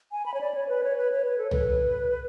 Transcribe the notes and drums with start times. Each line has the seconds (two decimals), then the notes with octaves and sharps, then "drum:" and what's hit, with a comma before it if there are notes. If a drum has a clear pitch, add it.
0.12 G#5
0.26 B5
0.34 C#5
0.41 D5
0.54 C#5
0.69 B4
0.84 C#5
0.97 B4
1.12 C#5
1.25 B4
1.38 A4
1.51 B4, drum: tom C2